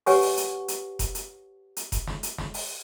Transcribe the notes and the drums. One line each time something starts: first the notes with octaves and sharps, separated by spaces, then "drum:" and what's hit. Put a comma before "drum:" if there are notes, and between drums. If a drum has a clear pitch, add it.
G4 B4 C#5 F#5 G#5 C#6, drum: open hi-hat
drum: open hi-hat
drum: hi-hat
drum: hi-hat
drum: kick F1, hi-hat
drum: hi-hat
drum: hi-hat
drum: kick F1, hi-hat
drum: snare
drum: hi-hat
drum: snare
drum: open hi-hat